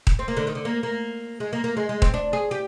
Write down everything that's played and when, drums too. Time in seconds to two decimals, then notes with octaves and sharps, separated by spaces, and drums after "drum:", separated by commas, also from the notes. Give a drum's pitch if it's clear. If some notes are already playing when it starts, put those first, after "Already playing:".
0.07 drum: kick D#1
0.19 C4
0.28 A#3
0.37 D3
0.47 D#3
0.55 D3
0.65 A#3
0.83 A#3
1.40 G#3
1.53 A#3
1.64 A#3
1.77 G#3
1.89 G#3
2.02 C4, drum: kick D#1
2.14 D4
2.33 G#4
2.51 G4